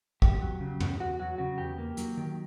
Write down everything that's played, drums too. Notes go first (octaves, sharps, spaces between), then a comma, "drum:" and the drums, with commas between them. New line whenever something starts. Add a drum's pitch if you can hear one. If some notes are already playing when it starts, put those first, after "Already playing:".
E2 G4, drum: kick
F#3
C#3
E2, drum: tom
E2 F#4
F#3 F#4
C#3 F#4
E2 G4
A#3
F#3, drum: hi-hat
D#3